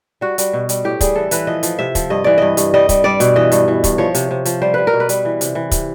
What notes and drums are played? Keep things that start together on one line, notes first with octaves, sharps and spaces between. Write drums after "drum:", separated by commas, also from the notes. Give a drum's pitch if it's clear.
G3 F#4
G3, drum: hi-hat
B2
G3, drum: hi-hat
A2 G4
G3 G#4, drum: kick, hi-hat
E3 A4
E3 B4, drum: hi-hat
F3 D#5
F3, drum: hi-hat
C3 E5
F3, drum: kick, hi-hat
G2 D#5
E3 D5
G2 D#5
G2, drum: hi-hat
G3 D#5
G3, drum: kick, hi-hat
G3 D5
B2, drum: hi-hat
E3 D#5
G2, drum: hi-hat
E3
G2, drum: kick, hi-hat
F3 C#5
C3, drum: hi-hat
C3
F3, drum: hi-hat
G3 C5
G3 B4
A#4
B2
B4
G3, drum: hi-hat
E3
C3, drum: hi-hat
E3
C3, drum: kick, hi-hat